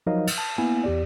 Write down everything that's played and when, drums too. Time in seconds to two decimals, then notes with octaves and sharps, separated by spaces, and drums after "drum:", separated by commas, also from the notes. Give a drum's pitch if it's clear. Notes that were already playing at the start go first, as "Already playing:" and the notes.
0.07 F3 F#3 D#4 A#4 D#5 F5
0.27 drum: cymbal
0.38 A5
0.58 A#3 B3 E4 G#5
0.84 E2 G4 D5